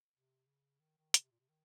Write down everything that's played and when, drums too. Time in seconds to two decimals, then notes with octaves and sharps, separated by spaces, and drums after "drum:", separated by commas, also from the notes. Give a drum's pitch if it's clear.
0.12 C3
0.47 C#3
0.80 D#3
0.97 D#3
1.14 C#3, drum: hi-hat
1.23 C3
1.31 A#2
1.40 C3
1.49 D#3